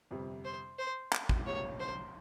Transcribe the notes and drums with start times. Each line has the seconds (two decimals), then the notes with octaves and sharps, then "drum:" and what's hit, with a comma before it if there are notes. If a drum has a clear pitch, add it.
0.11 G1 F2 C3 G3 C4
0.45 C5
0.79 C5
1.12 drum: clap
1.29 drum: kick
1.46 C#2 C3 F3 A#3 C#5
1.80 C5